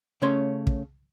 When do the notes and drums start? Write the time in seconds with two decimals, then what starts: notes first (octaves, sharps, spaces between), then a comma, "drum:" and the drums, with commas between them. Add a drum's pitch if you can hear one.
0.22 C#3 A3 C#4 C#5 C6
0.67 drum: kick